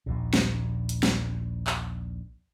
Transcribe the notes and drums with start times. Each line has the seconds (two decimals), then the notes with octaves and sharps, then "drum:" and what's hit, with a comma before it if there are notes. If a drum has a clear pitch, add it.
0.06 A#1 D#2 A#2
0.34 drum: snare
0.89 drum: hi-hat
1.03 drum: snare
1.67 drum: clap